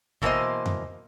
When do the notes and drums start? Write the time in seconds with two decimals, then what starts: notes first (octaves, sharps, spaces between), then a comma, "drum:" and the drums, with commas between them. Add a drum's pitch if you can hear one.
0.22 B2 E3 A#3 B3 C5 D#5, drum: kick
0.66 drum: tom F2